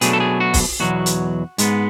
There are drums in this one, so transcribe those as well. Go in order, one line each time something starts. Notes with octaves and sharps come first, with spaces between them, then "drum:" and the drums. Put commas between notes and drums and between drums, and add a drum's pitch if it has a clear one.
B2 F#3 A3 D4 G#4, drum: hi-hat
A4
G#4
F#4
drum: kick, open hi-hat
E2 B2 F#3 F#4
drum: hi-hat
G#2 G#3 B3, drum: hi-hat